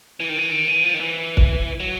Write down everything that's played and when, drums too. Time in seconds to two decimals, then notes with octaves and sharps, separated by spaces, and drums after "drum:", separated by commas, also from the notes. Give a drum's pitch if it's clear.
0.20 E3
0.29 D#3
0.38 E3
0.52 D#3
0.68 E3
0.84 F3
0.94 D#3
1.00 E3
1.37 drum: kick
1.80 F#3